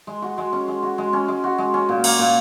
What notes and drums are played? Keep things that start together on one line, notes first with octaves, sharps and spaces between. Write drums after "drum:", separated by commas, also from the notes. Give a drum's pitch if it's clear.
G#3
F#4
G#3
C#4
G#3
F#4
G#3
C#4
G#3
F#4
G#3
C#4
A#2
A#3, drum: cymbal
A#2